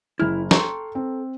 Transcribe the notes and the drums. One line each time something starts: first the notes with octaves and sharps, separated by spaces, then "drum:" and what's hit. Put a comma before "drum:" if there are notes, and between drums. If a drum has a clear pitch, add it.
F#1 E4 F6
A4 G5 A#5 C6 C#6, drum: snare
C4